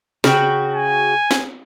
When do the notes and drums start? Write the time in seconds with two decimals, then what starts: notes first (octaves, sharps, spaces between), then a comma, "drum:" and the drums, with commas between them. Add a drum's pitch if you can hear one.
0.24 C#3 F#4 G5, drum: snare
0.74 G#5
1.31 drum: snare